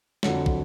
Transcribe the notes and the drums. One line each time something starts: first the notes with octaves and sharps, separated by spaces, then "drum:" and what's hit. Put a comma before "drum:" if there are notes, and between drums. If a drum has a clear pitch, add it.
F2 D3 F#3, drum: snare
drum: kick